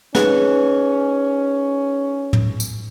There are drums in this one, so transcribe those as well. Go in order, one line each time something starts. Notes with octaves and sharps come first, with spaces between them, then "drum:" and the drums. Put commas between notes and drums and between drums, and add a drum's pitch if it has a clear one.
C#4 D#4 G#4 B4, drum: snare
drum: tom A2
drum: tambourine